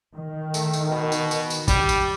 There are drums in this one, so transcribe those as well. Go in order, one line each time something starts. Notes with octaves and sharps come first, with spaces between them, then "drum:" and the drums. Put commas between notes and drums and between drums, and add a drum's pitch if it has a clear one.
D#3
A3, drum: tambourine
drum: tambourine
B2
drum: tambourine
drum: tambourine
drum: tambourine
G3, drum: kick, tambourine
drum: tambourine